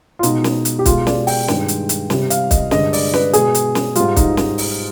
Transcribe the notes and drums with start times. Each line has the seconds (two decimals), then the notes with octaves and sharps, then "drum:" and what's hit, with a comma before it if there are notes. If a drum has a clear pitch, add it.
0.19 F4
0.23 B2 G#3 D#4, drum: hi-hat
0.44 drum: snare
0.65 drum: hi-hat
0.79 G4
0.86 B2 F4, drum: kick, hi-hat
0.91 G#3
1.07 D5, drum: snare
1.27 G5, drum: open hi-hat
1.48 G2 D#3 G#3, drum: snare
1.68 drum: hi-hat
1.89 drum: hi-hat
2.10 C3 G3, drum: snare
2.30 F5, drum: hi-hat
2.51 D#5, drum: kick, hi-hat
2.71 G2 D3 G#3 D#5, drum: snare
2.93 D5, drum: open hi-hat
3.14 B4, drum: snare
3.33 B2 G#3 G#4, drum: hi-hat
3.55 drum: hi-hat
3.75 drum: snare
3.95 G#2 G3 F4, drum: hi-hat
4.16 D#4, drum: kick, hi-hat
4.37 drum: snare
4.58 drum: open hi-hat